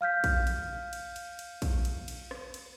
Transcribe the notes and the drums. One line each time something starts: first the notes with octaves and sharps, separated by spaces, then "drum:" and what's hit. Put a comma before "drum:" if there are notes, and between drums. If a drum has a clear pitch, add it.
F5 F6 G6 B6
drum: kick, cymbal
drum: cymbal
drum: cymbal
drum: cymbal
drum: cymbal
drum: kick, cymbal
drum: cymbal
drum: cymbal
drum: rim click
drum: cymbal